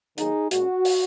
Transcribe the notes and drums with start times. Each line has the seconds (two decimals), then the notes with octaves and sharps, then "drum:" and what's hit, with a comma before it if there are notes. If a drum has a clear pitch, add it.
0.18 D#3 F#3 A#3 D#4 G#4, drum: hi-hat
0.51 A#2 G#3 C#4 F#4, drum: hi-hat
0.85 drum: open hi-hat